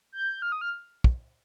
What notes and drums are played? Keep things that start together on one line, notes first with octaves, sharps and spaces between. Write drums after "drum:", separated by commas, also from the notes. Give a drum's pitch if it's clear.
G6
F6
D#6
F6
drum: kick